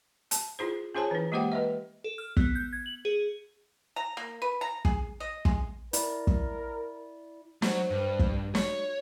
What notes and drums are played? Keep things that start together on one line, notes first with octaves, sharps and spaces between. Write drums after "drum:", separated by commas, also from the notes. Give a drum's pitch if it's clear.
A5, drum: hi-hat
E4 F4 G#4 C5
C#4 F4 G#4 C5 C#5 A5
E3 E4
G#3 A#3 G4 C5 F#5 G5
B4 D#5 E5
A4
F6
B3, drum: kick
G6
G#6
F#7
G#4
A#5
A#3
B4
A#5
G#4, drum: kick
D#5
G#3, drum: kick
E4 A#4 D5, drum: hi-hat
drum: kick
F#3 C5, drum: snare
G2
drum: kick
F#4 C#5, drum: snare